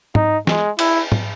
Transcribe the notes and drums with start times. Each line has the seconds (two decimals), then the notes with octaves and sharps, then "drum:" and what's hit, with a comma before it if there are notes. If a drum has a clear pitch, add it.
0.15 D#4, drum: tom G#2
0.47 G#3, drum: snare
0.79 E4, drum: cymbal
1.12 drum: tom G#2